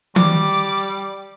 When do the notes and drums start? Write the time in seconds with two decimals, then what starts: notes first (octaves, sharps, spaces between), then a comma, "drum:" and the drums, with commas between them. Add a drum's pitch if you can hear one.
0.16 G3 D6, drum: tom D#3